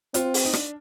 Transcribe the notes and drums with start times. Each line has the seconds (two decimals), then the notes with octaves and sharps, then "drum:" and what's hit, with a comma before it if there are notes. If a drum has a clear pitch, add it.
0.14 C4 F4, drum: hi-hat
0.34 drum: open hi-hat
0.45 D#4
0.53 D4, drum: rim click